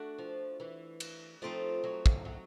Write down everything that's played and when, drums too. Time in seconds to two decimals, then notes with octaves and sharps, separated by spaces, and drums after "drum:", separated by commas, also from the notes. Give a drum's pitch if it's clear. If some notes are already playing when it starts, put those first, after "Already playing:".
Already playing: A3 D4 F#4
0.18 F3
0.60 E3
1.00 drum: cymbal
1.42 F3 A3 C4 D#4
1.84 F#3
2.06 drum: kick
2.25 F#3